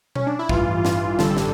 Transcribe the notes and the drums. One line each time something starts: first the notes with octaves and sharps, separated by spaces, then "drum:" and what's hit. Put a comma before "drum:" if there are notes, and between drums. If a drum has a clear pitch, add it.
C#4, drum: tom B2
D4
E4
A1 G2 E3 F4, drum: kick
drum: snare
A1 G2 D3 G3 A4, drum: snare
drum: snare